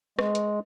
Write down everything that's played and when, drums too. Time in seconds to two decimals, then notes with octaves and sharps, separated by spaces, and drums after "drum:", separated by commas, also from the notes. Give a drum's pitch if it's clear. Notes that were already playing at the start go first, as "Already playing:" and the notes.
0.19 G#3, drum: rim click
0.35 drum: hi-hat